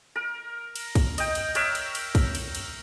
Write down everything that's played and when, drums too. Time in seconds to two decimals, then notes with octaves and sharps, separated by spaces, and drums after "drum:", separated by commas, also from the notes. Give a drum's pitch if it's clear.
0.16 A#4
0.76 drum: cymbal
0.95 drum: kick, cymbal
1.18 D#5 G5, drum: cymbal
1.35 drum: cymbal
1.55 A#4 C#5 E5, drum: cymbal
1.75 drum: cymbal
1.95 drum: cymbal
2.15 drum: kick, cymbal
2.35 drum: cymbal
2.55 drum: cymbal